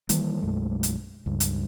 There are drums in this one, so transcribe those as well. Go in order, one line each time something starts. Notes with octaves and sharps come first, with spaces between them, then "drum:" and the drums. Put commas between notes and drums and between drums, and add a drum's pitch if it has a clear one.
D#3 E3 G3 A#3, drum: hi-hat
B1 F#2 G#3 A3
drum: hi-hat
C#2 G2
drum: hi-hat